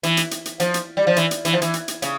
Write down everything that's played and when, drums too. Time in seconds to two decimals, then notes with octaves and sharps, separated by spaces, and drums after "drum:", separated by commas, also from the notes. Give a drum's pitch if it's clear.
0.03 E3, drum: hi-hat
0.17 drum: hi-hat
0.31 drum: hi-hat
0.45 drum: hi-hat
0.60 F3, drum: hi-hat
0.74 drum: hi-hat
0.97 G3
1.07 F3
1.16 E3, drum: hi-hat
1.31 drum: hi-hat
1.45 E3, drum: hi-hat
1.53 F3
1.62 E3, drum: hi-hat
1.74 drum: hi-hat
1.88 drum: hi-hat
2.02 C#3, drum: hi-hat